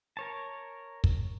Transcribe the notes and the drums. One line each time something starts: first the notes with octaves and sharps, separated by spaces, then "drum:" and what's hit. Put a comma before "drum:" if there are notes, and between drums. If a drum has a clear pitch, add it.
A#4 C#5 A5
drum: kick